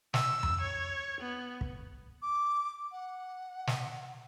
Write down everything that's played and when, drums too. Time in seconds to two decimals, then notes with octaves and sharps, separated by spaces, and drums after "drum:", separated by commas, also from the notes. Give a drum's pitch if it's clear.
0.14 E6, drum: snare
0.43 drum: tom F2
0.61 C#5
1.20 B3
1.61 drum: kick
2.22 D6
2.92 F#5
3.67 drum: snare